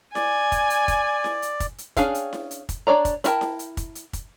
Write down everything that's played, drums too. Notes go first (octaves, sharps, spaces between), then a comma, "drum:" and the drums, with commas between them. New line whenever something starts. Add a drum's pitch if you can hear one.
D5 G#5, drum: snare E4
drum: kick, hi-hat
drum: hi-hat
drum: kick, hi-hat
drum: snare E4
drum: hi-hat
drum: kick, hi-hat
drum: hi-hat
C#4 D4 G#4 F5 G5, drum: kick, hi-hat
drum: hi-hat
drum: snare E4
drum: hi-hat
drum: kick, hi-hat
D4 C#5 D5 A#5
drum: kick, hi-hat
D4 E4 A#4 G5 A5, drum: hi-hat
drum: snare E4
drum: hi-hat
drum: kick, hi-hat
drum: hi-hat
drum: kick, hi-hat